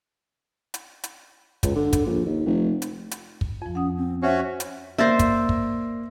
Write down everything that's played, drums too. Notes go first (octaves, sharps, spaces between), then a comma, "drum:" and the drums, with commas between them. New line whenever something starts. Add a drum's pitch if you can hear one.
drum: hi-hat
drum: hi-hat
C#2, drum: kick, hi-hat
D3
drum: kick, hi-hat
A#1
D#2
F1
drum: hi-hat
drum: hi-hat
drum: kick
F2 F3
C#4 F#5 D#6
C4
C#4 F#4 C5 E5 F#5
drum: hi-hat
A#3 C5 D5 E5 A#6
drum: kick, hi-hat
drum: kick